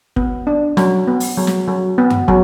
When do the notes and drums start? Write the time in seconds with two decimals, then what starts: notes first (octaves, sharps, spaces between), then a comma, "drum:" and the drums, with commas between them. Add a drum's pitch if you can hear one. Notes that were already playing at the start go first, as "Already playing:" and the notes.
0.16 B3, drum: kick
0.47 D4
0.77 F#3, drum: snare
1.07 B3
1.20 drum: open hi-hat
1.37 F#3
1.47 drum: snare
1.68 F#3
1.98 B3
2.10 drum: tom F#2
2.28 F#3, drum: kick